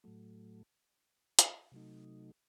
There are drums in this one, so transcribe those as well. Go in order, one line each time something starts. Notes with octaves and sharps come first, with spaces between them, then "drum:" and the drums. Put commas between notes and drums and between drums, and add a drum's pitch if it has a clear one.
A2 F#3 A3
drum: hi-hat
C3 F#3 A3 D#4